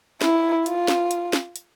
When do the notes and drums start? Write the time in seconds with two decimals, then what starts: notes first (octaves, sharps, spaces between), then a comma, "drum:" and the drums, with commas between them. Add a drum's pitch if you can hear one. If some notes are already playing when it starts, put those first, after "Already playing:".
0.21 E4, drum: snare
0.66 F4, drum: hi-hat
0.88 drum: snare
1.11 drum: hi-hat
1.33 drum: snare
1.56 drum: hi-hat